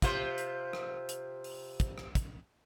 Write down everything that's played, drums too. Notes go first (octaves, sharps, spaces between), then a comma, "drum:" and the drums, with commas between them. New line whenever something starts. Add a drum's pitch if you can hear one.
C3 F4 C5, drum: kick, hi-hat
drum: hi-hat
drum: rim click
drum: hi-hat
drum: open hi-hat
drum: kick, hi-hat
drum: rim click
drum: kick, hi-hat